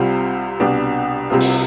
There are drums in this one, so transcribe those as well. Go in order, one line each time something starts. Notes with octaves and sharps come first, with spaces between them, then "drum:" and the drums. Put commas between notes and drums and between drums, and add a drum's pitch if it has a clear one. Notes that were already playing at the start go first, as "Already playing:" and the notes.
Already playing: C2 C3 G3 C4 F4
C2 B2 B3 D4 G4
C2 C3 G3 C4 F4
drum: open hi-hat